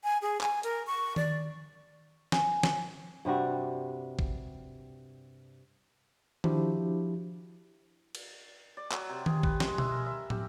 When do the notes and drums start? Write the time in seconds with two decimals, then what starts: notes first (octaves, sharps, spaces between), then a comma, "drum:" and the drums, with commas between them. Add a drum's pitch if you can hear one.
0.04 G#5
0.22 G#4
0.41 G#5, drum: clap
0.63 A#4, drum: hi-hat
0.87 C#6
1.16 D5, drum: tom D#3
2.32 G#5, drum: snare
2.63 drum: snare
3.25 G2 C3 G3 F#4
4.19 drum: kick
6.44 F3 D4 E4 F#4 G4, drum: tom D#3
8.15 drum: cymbal
8.77 D5
8.92 F#3, drum: clap
9.10 C3
9.26 G#4, drum: tom D#3
9.43 B4, drum: kick
9.60 G#3, drum: snare
9.78 E5, drum: tom B2
9.92 A#4
10.06 E5
10.30 G4, drum: tom